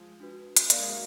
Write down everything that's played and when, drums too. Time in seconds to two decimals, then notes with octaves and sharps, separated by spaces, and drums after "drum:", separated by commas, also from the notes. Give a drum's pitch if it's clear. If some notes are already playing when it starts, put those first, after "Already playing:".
Already playing: F3 G#3
0.20 D4 F#4 B4
0.57 drum: hi-hat
0.70 A#3 A#4 D5 F5, drum: hi-hat
0.78 G#3
0.88 F#3 A#3